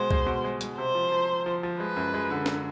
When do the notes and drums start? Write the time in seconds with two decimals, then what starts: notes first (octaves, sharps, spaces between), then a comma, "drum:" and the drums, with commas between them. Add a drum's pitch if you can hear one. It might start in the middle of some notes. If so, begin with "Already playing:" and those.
Already playing: B2 G#3 C5
0.11 G#3, drum: kick
0.26 B2
0.44 G#3
0.61 G#3, drum: hi-hat
0.78 C3 C5
0.95 F3
1.12 F3
1.29 F3
1.46 F3
1.63 F3
1.79 G#3 B4
1.96 F#2
2.14 G#3
2.31 D3
2.46 drum: snare